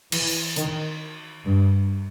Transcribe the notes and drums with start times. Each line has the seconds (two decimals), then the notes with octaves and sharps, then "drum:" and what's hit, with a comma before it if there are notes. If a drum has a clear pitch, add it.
0.12 E3, drum: cymbal
0.27 drum: open hi-hat
0.56 D#3, drum: hi-hat
1.45 G2